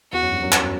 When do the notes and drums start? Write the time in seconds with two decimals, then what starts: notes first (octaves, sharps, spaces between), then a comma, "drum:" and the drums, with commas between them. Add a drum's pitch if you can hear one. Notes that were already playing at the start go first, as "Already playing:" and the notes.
0.13 E2 E3 F#4
0.23 F#2 F#3
0.32 G2 G3
0.42 F#2 F#3
0.52 F#2 F#3, drum: clap